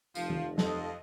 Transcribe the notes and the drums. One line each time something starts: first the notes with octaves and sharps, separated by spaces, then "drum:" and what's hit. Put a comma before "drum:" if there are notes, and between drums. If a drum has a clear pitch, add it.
F1 F3, drum: tambourine
drum: tom D#3
F2 A4 D#5, drum: snare